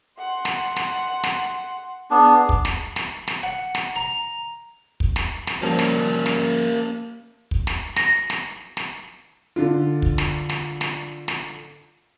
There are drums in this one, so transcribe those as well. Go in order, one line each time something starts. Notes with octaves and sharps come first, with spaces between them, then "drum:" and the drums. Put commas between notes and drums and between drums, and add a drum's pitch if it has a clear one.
F#5 C6
drum: snare
drum: snare
drum: snare
B3 D4 G#4
drum: kick
drum: snare
drum: snare
drum: snare
F#5
drum: snare
A#5
drum: kick
drum: snare
drum: snare
F3 G3 A#3 C#4 A5
drum: snare
drum: snare
drum: kick
drum: snare
A#6, drum: snare
drum: snare
drum: snare
D3 F4
drum: kick
drum: snare
drum: snare
drum: snare
drum: snare